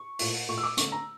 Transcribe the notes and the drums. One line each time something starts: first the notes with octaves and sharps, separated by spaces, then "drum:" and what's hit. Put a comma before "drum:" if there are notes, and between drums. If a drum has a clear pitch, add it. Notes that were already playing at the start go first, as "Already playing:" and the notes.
Already playing: C#6
A#2 A3 E4, drum: open hi-hat
A#2 A3 E4 C#6
E6
D6
D3 A3 D4 C#6, drum: hi-hat
A#5